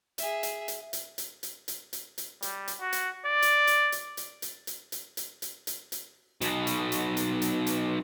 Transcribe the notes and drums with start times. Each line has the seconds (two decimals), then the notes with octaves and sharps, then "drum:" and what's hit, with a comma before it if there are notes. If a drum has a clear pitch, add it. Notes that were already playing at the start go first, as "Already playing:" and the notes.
0.18 G#4 E5, drum: hi-hat
0.43 drum: hi-hat
0.68 drum: hi-hat
0.93 drum: hi-hat
1.18 drum: hi-hat
1.43 drum: hi-hat
1.68 drum: hi-hat
1.93 drum: hi-hat
2.18 drum: hi-hat
2.42 G3, drum: hi-hat
2.68 drum: hi-hat
2.80 F#4
2.92 drum: hi-hat
3.26 D5
3.42 drum: hi-hat
3.67 drum: hi-hat
3.92 drum: hi-hat
4.17 drum: hi-hat
4.42 drum: hi-hat
4.67 drum: hi-hat
4.92 drum: hi-hat
5.17 drum: hi-hat
5.42 drum: hi-hat
5.67 drum: hi-hat
5.92 drum: hi-hat
6.41 B1 B2, drum: hi-hat
6.67 drum: hi-hat
6.92 drum: hi-hat
7.17 drum: hi-hat
7.42 drum: hi-hat
7.67 drum: hi-hat